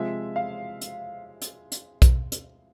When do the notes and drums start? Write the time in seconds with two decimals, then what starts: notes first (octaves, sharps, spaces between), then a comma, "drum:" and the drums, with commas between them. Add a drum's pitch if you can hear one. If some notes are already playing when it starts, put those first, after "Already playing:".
Already playing: C3 F3 G#3 C4 F4 E5
0.36 F5
0.81 drum: hi-hat
1.42 drum: hi-hat
1.72 drum: hi-hat
2.02 drum: kick B1, hi-hat
2.32 drum: hi-hat